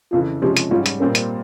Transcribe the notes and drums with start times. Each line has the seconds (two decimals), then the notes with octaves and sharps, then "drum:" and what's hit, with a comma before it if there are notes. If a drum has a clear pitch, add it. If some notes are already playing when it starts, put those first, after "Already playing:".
0.12 F2 C#3 E3 F4
0.42 C3 F3 G#3 C#4 G4
0.57 drum: hi-hat
0.71 G#2 G3 C#4 F4
0.86 drum: hi-hat
1.00 A#2 G3 C4 C#4 F4 A#4
1.15 drum: hi-hat